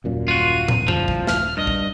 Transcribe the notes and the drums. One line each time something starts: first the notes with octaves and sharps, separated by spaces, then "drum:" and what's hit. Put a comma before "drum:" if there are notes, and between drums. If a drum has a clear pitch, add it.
D#1 F#2 A#2
F4 F#4 D#7
drum: tom
C2 F3, drum: tom
drum: kick A#1
F6, drum: snare
G2 D#5
drum: kick A#1